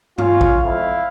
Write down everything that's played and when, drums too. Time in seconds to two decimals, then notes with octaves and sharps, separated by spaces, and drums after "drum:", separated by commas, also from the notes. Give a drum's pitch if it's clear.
0.18 C#4 F4 F5, drum: tom G2
0.41 drum: kick A1
0.61 G#1 F2 E4 F5